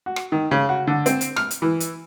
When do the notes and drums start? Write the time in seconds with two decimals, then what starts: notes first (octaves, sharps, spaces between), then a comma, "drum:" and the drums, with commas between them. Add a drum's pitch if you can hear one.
0.06 F#4
0.16 drum: rim click
0.32 D#3
0.51 C#3
0.69 F#4
0.87 D3
1.06 C4, drum: hi-hat
1.21 drum: hi-hat
1.36 F6, drum: rim click
1.51 drum: hi-hat
1.62 E3
1.80 drum: hi-hat